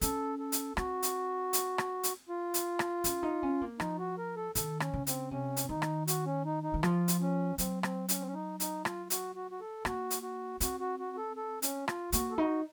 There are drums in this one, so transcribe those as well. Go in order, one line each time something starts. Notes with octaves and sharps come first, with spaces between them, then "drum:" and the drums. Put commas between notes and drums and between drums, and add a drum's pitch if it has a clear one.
C#4 A4, drum: hi-hat
A4
drum: hi-hat
C4 F#4, drum: rim click
drum: hi-hat
drum: hi-hat
drum: rim click
drum: hi-hat
F4
drum: hi-hat
drum: rim click
C#4, drum: hi-hat
D#4
C#4
A#3
F3 D#4, drum: rim click
F#4
A#4
A4
D#3 A4, drum: hi-hat
C#4, drum: rim click
C#3
C4, drum: hi-hat
C3 C#4
drum: hi-hat
D#3 D#4
drum: rim click
F#4, drum: hi-hat
C#4
D#4
D#4
D#3
F3 F4, drum: rim click
drum: hi-hat
C#4
F#3 C4, drum: hi-hat
C4, drum: rim click
C#4, drum: hi-hat
C4
C#4
D#4
D#4, drum: hi-hat
F4, drum: rim click
F#4, drum: hi-hat
F#4
F#4
A4
A#3 F#4, drum: rim click
drum: hi-hat
F#4
C4 F#4, drum: hi-hat
F#4
F#4
A4
A4
C#4, drum: hi-hat
F4, drum: rim click
A#3 F#4, drum: hi-hat
A4
D#4 F#4